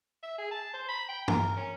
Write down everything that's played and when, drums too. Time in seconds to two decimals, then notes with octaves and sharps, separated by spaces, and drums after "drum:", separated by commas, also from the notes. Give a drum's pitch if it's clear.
0.23 E5
0.38 G#4
0.51 A5
0.74 C5
0.89 B5
1.09 G5
1.28 A#4, drum: tom G2
1.56 C#4